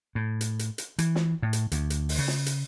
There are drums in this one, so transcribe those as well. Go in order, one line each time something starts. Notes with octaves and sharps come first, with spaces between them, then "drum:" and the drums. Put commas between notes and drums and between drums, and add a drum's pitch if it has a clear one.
A2
drum: hi-hat
drum: hi-hat
drum: hi-hat
E3, drum: hi-hat
drum: snare
A2
drum: hi-hat
D2, drum: hi-hat
drum: hi-hat
drum: open hi-hat
C#3
drum: snare
drum: hi-hat